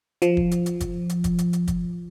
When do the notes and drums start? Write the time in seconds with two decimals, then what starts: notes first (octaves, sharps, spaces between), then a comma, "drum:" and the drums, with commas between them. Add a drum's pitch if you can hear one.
0.22 F3, drum: hi-hat
0.37 drum: kick
0.51 drum: hi-hat
0.66 drum: hi-hat
0.80 drum: kick, hi-hat
1.09 drum: hi-hat
1.24 drum: kick, hi-hat
1.38 drum: hi-hat
1.53 drum: hi-hat
1.67 drum: kick, hi-hat